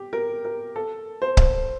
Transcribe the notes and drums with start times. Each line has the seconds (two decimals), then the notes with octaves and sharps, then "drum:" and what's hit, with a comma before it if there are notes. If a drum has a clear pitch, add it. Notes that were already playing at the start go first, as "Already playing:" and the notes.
Already playing: G4
0.13 A#4
0.45 A#4
0.76 A4
1.22 C5
1.37 drum: kick C#1